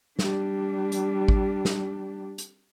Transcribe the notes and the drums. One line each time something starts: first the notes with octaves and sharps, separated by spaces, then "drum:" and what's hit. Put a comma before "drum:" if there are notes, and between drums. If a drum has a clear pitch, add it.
G3 D4, drum: snare
drum: hi-hat
drum: kick G#1
drum: snare
drum: hi-hat